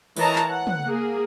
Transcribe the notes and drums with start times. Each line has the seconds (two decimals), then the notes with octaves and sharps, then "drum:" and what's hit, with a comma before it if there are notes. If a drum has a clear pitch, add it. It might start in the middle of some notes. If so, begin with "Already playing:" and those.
0.17 E3 A#4 C#5 D#5 A5 A#5, drum: open hi-hat
0.36 drum: clap
0.49 F#5
0.67 drum: tom
0.87 A#3 G#4